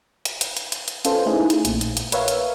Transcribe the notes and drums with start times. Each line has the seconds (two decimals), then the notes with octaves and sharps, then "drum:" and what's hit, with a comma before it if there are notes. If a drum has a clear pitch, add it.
0.25 drum: hi-hat
0.41 drum: hi-hat
0.57 drum: hi-hat
0.72 drum: hi-hat
0.88 drum: hi-hat
1.05 C#4 F4 A4 B4 C5, drum: hi-hat
1.26 A3 D#4 E4 G#4
1.50 drum: hi-hat
1.65 A#1 A#2, drum: hi-hat
1.81 drum: hi-hat
1.97 drum: hi-hat
2.12 A#4 B4 C#5 E5 F5, drum: hi-hat
2.28 drum: hi-hat